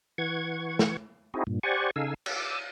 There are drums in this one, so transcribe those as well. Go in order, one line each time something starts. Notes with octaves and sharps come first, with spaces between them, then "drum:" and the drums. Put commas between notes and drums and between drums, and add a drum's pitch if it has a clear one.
E3 F#5 C#6 G#6
drum: snare
C4 D#4 E4 F#4 G#4
G2 A#2
G4 C5 D5 F#5 G#5 C#6
C#3 D#4 A4 F5 G#5 E6
D6 E6, drum: cymbal